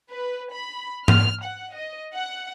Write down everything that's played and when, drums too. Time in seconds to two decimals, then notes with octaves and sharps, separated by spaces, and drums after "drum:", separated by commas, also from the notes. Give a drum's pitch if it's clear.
0.11 B4
0.54 B5
1.08 F6, drum: tom G#2
1.44 F#5
1.74 D#5
2.14 F#5